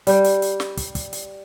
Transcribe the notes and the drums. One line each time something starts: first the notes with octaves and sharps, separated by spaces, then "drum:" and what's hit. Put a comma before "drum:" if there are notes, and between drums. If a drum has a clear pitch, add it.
G3 G4, drum: hi-hat
drum: hi-hat
drum: hi-hat
drum: snare
drum: kick, hi-hat
drum: kick, hi-hat
drum: hi-hat